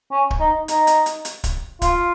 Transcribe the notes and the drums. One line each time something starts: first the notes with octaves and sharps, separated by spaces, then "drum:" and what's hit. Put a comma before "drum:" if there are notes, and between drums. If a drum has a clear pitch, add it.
C#4
drum: kick D1
D#4
D#4, drum: hi-hat
drum: hi-hat
drum: hi-hat
drum: hi-hat
drum: kick D1, hi-hat
F4, drum: kick D1, hi-hat